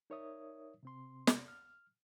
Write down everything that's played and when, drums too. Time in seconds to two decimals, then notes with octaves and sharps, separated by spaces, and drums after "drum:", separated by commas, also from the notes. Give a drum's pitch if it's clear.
0.10 D#4 A#4 C#5 D5 E5 D#6
0.83 C3 C4 C6
1.27 drum: snare
1.48 F6